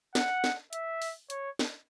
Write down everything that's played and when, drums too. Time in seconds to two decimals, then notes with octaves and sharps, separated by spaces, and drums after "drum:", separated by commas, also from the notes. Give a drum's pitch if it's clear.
0.15 F#5, drum: snare
0.44 drum: snare
0.73 E5, drum: hi-hat
1.02 drum: open hi-hat
1.30 C#5, drum: hi-hat
1.59 drum: snare